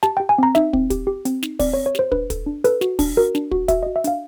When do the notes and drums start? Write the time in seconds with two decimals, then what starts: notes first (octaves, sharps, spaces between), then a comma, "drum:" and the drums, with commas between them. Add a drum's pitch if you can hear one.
0.03 G4 A5, drum: snare
0.17 G4 G5
0.29 G#5
0.38 C4 A#5
0.55 D#4 E5, drum: snare
0.73 C4, drum: kick
0.90 G4, drum: kick, hi-hat
1.07 G4
1.25 C4, drum: hi-hat
1.43 D#4, drum: snare
1.59 C4 D5, drum: kick, open hi-hat
1.74 C4 C#5
1.86 C#5
1.95 G4 C5, drum: snare
2.12 D4 B4, drum: kick
2.30 A4, drum: kick, hi-hat
2.46 D4
2.64 A4 B4, drum: hi-hat
2.81 F#4, drum: snare
2.99 D4, drum: kick, open hi-hat
3.17 F#4 A#4
3.35 D4, drum: snare
3.51 F#4, drum: kick
3.68 F#4 E5, drum: kick, hi-hat
3.83 F#4 D#5
3.96 E5
4.04 D4 F5, drum: hi-hat